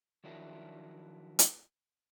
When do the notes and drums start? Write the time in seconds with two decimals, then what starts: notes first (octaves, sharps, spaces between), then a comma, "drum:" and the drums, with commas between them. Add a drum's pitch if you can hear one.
0.24 D#3 F3 F#3 D4 E4 A#4
1.39 drum: hi-hat